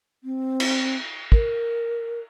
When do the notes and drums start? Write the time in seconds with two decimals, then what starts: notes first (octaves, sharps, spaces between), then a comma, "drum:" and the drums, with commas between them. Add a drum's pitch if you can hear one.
0.24 C4
0.60 drum: cymbal
1.32 A#4, drum: kick